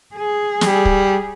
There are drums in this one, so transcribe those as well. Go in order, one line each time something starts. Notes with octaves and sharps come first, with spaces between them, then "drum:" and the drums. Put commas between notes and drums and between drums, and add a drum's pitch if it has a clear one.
G#4
G3, drum: snare
drum: kick